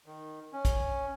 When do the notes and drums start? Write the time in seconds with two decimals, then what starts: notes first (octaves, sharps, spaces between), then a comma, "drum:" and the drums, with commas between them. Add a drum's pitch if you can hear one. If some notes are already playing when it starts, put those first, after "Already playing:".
0.06 D#3
0.53 C#4
0.65 drum: kick, hi-hat